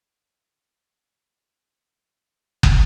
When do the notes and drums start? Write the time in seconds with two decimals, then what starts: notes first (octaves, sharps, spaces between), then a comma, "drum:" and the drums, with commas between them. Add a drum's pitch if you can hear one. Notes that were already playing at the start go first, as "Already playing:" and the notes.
Already playing: F#2 D#3 F#3 E5
0.19 E5
0.47 B2 G#3 D#4
1.04 G#2 E3 B3 D#4
1.61 B2 A3 D#4 F#5
2.18 G#2 E3 A3 D#4
2.63 drum: kick